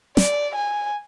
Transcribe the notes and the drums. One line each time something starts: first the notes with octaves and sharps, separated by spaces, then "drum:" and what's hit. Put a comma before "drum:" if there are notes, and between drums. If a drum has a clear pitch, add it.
D5, drum: snare
G#5